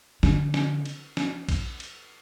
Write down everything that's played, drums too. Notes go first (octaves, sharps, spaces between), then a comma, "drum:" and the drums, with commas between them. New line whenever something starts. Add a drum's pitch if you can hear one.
D3, drum: snare
drum: snare
drum: cymbal
drum: snare
drum: kick A#1, cymbal
drum: cymbal